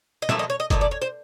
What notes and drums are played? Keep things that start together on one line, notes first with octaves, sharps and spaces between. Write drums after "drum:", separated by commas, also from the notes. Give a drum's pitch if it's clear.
D#5
A#2 F3 A3 E5, drum: snare
D#5
C#5
D#5
A#2 F3 A3 D#5, drum: kick F#1, hi-hat
D5
C#5
C5